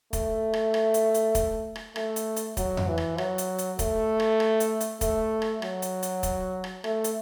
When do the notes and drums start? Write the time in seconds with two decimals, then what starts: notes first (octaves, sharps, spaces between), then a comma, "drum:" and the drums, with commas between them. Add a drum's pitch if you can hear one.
0.13 A3, drum: kick, hi-hat
0.53 drum: rim click
0.74 drum: rim click
0.94 drum: hi-hat
1.14 drum: hi-hat
1.35 drum: kick, hi-hat
1.76 drum: rim click
1.96 A3, drum: rim click
2.16 drum: hi-hat
2.37 drum: hi-hat
2.57 F#3, drum: kick, hi-hat
2.77 drum: tom F2
2.88 E3
2.98 drum: rim click
3.18 F#3, drum: rim click
3.38 drum: hi-hat
3.59 drum: hi-hat
3.79 A3, drum: kick, hi-hat
4.20 drum: rim click
4.40 drum: rim click
4.60 drum: hi-hat
4.81 drum: hi-hat
5.01 A3, drum: kick, hi-hat
5.42 drum: rim click
5.62 F#3, drum: rim click
5.82 drum: hi-hat
6.03 drum: hi-hat
6.23 drum: kick, hi-hat
6.64 drum: rim click
6.84 A3, drum: rim click
7.04 drum: hi-hat